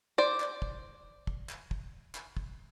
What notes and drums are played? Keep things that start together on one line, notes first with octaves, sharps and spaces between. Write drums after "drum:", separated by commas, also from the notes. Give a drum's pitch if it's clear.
C5 D5
drum: clap
drum: kick
drum: kick
drum: clap
drum: kick
drum: clap
drum: kick